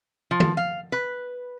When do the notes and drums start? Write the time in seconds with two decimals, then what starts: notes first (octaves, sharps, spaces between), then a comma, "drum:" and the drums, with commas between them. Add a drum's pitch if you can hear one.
0.31 F3
0.40 drum: tom
0.57 F5
0.92 B4